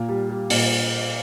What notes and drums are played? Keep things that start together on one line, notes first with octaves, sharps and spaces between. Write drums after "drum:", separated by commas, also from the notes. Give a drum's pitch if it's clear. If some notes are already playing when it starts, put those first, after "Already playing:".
Already playing: A#2
G3
G3
A#2, drum: open hi-hat